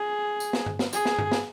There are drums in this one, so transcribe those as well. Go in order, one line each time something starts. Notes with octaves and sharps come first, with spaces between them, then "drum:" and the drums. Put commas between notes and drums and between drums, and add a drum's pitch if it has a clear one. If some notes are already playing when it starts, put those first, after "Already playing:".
Already playing: G#4
drum: tambourine
drum: snare
drum: tom G2
drum: snare
G#4, drum: tambourine
drum: snare
drum: tom G2
drum: snare